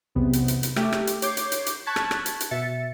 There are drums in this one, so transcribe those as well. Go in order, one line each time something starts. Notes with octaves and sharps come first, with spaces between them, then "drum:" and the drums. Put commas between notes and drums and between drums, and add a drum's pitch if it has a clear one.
B1 E2 C3 B3
drum: hi-hat
drum: hi-hat
drum: hi-hat
A3 G4 E5, drum: rim click
drum: rim click
drum: hi-hat
C#5 D6 G6 C7, drum: hi-hat
drum: hi-hat
drum: hi-hat
drum: hi-hat
A5 C#6 F#6 G#6 A6 B6
drum: rim click
drum: rim click
drum: hi-hat
drum: hi-hat
B2 E5 A6 C#7